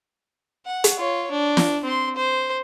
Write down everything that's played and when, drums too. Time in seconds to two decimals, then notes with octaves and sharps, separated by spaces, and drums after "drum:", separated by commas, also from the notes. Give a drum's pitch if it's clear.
0.66 F#5
0.84 drum: hi-hat
0.98 F4 C#5
1.31 D4
1.57 drum: snare
1.84 C4 C6
2.16 C5